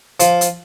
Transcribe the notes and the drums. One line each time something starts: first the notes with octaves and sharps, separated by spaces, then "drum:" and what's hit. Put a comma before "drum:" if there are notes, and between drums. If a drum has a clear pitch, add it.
F3, drum: hi-hat
drum: hi-hat